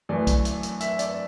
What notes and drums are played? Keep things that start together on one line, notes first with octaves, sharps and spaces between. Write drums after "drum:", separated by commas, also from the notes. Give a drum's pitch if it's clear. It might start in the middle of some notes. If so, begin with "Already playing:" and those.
F#2 E3 A3 D5
drum: kick, hi-hat
drum: hi-hat
drum: hi-hat
E5, drum: hi-hat
D5, drum: hi-hat